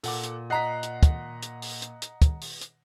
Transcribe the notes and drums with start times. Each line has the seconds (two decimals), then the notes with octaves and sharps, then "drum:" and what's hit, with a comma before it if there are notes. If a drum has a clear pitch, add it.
0.03 A#2 A4 F#5 D6, drum: open hi-hat
0.23 drum: hi-hat
0.50 D#5 F#5 A#5 F#6 B6 C7
0.83 drum: hi-hat
1.03 drum: kick, hi-hat
1.42 drum: hi-hat
1.62 drum: open hi-hat
1.82 drum: hi-hat
2.02 drum: hi-hat
2.22 drum: kick, hi-hat
2.41 drum: open hi-hat
2.61 drum: hi-hat